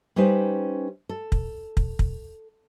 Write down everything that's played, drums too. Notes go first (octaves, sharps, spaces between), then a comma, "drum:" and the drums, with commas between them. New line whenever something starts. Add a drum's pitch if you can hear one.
G3 C#4 D#4 G4 B4 C5
A4
drum: kick
drum: kick
drum: kick